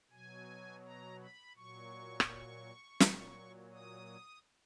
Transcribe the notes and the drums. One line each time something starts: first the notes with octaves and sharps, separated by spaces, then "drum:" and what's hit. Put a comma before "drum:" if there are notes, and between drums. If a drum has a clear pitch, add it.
B2 F#3 G#5
A#5
B5
A#2 F#3 C#6
drum: rim click
A#2 F#3, drum: snare
D#6